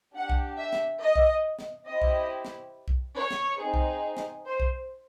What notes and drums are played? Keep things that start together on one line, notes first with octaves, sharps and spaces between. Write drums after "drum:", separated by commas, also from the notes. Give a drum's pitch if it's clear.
D4 G4 F#5
drum: kick
E5
drum: snare
D#5
drum: kick
drum: snare
C4 E4 G4 D#5
drum: kick
drum: snare
drum: kick
C#5
drum: snare
C4 D#4 G#4
drum: kick
drum: snare
C5
drum: kick